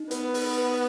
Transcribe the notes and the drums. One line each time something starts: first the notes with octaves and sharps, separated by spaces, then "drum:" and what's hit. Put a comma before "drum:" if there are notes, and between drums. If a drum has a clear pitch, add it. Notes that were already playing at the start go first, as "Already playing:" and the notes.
Already playing: D#4
B3 B4, drum: hi-hat
B4, drum: open hi-hat
B4